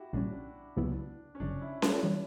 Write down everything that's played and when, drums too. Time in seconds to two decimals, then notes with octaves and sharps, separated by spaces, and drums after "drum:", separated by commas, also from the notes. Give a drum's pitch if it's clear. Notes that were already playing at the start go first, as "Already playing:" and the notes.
Already playing: E4 F#4 G4
0.13 A#1 A#2 G3 C#4 D4
0.77 C#2 C#3 F#3 B3 E4
1.35 C#4
1.40 G1 F#2 C#3 D4
1.61 E4
1.82 D4, drum: snare C#4
2.03 E3 G3